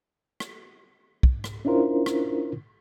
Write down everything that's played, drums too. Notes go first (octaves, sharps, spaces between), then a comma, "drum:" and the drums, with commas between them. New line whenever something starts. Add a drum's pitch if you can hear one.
drum: rim click
drum: kick
drum: rim click
C#4 D4 E4 F4 A#4 C5
drum: rim click